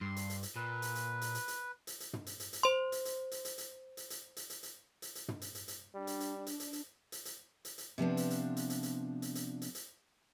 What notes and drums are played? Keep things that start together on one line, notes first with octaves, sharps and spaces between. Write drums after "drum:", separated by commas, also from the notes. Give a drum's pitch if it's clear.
G2 C6
drum: hi-hat
drum: hi-hat
drum: hi-hat
A#2 B4
drum: hi-hat
drum: hi-hat
drum: hi-hat
drum: hi-hat
drum: hi-hat
drum: hi-hat
drum: hi-hat
drum: tom
drum: hi-hat
drum: hi-hat
drum: hi-hat
C5 C6
drum: hi-hat
drum: hi-hat
drum: hi-hat
drum: hi-hat
drum: hi-hat
drum: hi-hat
drum: hi-hat
drum: hi-hat
drum: hi-hat
drum: hi-hat
drum: hi-hat
drum: hi-hat
drum: tom
drum: hi-hat
drum: hi-hat
drum: hi-hat
G3 D4
drum: hi-hat
drum: hi-hat
drum: hi-hat
drum: hi-hat
drum: hi-hat
drum: hi-hat
drum: hi-hat
drum: hi-hat
drum: hi-hat
C3 F3 B3 D4
drum: hi-hat
drum: hi-hat
drum: hi-hat
drum: hi-hat
drum: hi-hat
drum: hi-hat
drum: hi-hat
drum: hi-hat
drum: hi-hat